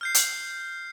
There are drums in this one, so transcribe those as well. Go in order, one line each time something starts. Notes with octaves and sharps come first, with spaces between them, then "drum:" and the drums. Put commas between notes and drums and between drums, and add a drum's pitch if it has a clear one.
F6 G6 C7
drum: hi-hat